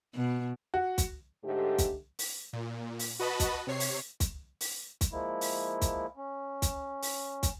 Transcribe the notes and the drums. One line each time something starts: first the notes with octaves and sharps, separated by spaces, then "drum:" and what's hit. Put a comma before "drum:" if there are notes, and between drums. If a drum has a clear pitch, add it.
B2
F#4
drum: kick, hi-hat
G#2 D3 A3 G4
drum: kick, hi-hat
drum: open hi-hat
A#2
drum: open hi-hat
F#4 B4 D#5 A5 B5
drum: kick, hi-hat
C3 C#5 C7
drum: open hi-hat
drum: kick, hi-hat
drum: open hi-hat
drum: kick, hi-hat
F3 G#3 A#3 E4
drum: open hi-hat
drum: kick, hi-hat
C#4
drum: kick, hi-hat
drum: open hi-hat
drum: kick, hi-hat